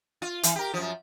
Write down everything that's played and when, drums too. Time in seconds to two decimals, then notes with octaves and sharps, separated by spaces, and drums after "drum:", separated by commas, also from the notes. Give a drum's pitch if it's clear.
0.22 F4
0.43 E3, drum: hi-hat
0.55 G4 A#4
0.74 F#2 F3